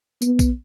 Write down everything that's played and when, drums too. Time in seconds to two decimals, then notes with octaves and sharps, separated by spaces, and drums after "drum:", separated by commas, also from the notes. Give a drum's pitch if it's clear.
0.22 B3, drum: tambourine
0.39 drum: kick B1, tambourine